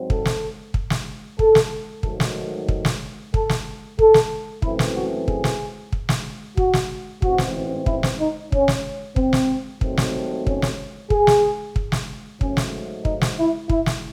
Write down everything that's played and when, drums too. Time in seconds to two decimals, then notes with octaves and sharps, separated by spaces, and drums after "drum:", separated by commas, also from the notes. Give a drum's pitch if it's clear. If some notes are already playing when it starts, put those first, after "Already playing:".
Already playing: G#2 F#3 C4
0.10 A4, drum: kick
0.26 drum: snare
0.74 drum: kick
0.90 drum: snare
1.39 A4, drum: kick
1.55 drum: snare
2.03 G#2 D#3 F#3 A3 A4, drum: kick
2.20 drum: snare
2.69 drum: kick
2.85 drum: snare
3.34 A4, drum: kick
3.50 drum: snare
3.99 A4, drum: kick
4.14 drum: snare
4.62 F#2 E3 A3 C4 E4, drum: kick
4.79 drum: snare
4.96 F#4
5.28 G#4, drum: kick
5.44 drum: snare
5.93 drum: kick
6.09 drum: snare
6.57 F#4, drum: kick
6.74 drum: snare
7.22 A1 G#2 E3 C4 F#4, drum: kick
7.38 drum: snare
7.86 E4, drum: kick
8.03 drum: snare
8.19 D#4
8.52 C#4, drum: kick
8.68 drum: snare
9.16 C4, drum: kick
9.33 drum: snare
9.81 D#2 D#3 F#3 A3 C4, drum: kick
9.97 drum: snare
10.47 C#4, drum: kick
10.62 drum: snare
11.10 G#4, drum: kick
11.27 drum: snare
11.76 drum: kick
11.92 drum: snare
12.41 G#2 F#3 A3 C#4, drum: kick
12.57 drum: snare
13.05 D#4, drum: kick
13.21 drum: snare
13.38 E4
13.69 E4, drum: kick
13.86 drum: snare